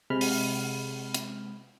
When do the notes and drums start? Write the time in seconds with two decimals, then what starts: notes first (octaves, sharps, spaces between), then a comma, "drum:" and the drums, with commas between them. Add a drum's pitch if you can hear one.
0.10 C3 G#3 B5 F6
0.21 drum: open hi-hat
1.14 drum: hi-hat